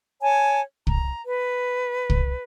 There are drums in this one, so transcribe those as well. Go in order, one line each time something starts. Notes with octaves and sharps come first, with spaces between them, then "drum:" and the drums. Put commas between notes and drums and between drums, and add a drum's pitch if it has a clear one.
C#5 G#5 A5
A#5, drum: kick
B4
drum: kick